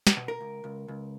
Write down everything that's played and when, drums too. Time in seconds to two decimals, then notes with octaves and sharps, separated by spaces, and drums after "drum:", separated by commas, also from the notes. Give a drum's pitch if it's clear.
0.07 drum: snare
0.17 B2
0.28 A#4
0.41 C#2
0.64 C#2
0.88 C#2